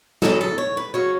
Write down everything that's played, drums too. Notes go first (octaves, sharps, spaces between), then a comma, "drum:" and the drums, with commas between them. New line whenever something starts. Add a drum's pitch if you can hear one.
E2 C#3 F#3 A4, drum: snare
A4
C#5
B4
C#3 F#3 C#5